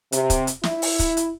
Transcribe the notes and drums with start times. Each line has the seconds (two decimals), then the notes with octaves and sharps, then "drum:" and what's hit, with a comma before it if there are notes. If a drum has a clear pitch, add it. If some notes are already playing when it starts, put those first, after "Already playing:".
0.12 C3, drum: hi-hat
0.30 drum: kick, hi-hat
0.47 drum: hi-hat
0.63 E4, drum: snare
0.82 drum: open hi-hat
0.99 drum: kick, hi-hat
1.17 drum: hi-hat